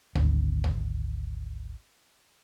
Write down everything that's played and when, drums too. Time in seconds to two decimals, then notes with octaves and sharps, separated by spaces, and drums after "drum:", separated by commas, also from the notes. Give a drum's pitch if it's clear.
0.15 G#1 D2, drum: tom
0.64 drum: tom